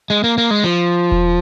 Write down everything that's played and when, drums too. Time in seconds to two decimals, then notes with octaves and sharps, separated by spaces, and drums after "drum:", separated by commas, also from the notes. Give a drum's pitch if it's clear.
0.10 G#3
0.24 A#3
0.38 A#3
0.51 G#3
0.64 F3
1.12 drum: kick E1